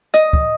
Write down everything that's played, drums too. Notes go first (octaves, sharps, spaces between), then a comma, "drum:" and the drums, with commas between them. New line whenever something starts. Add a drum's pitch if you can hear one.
D#5, drum: hi-hat
drum: kick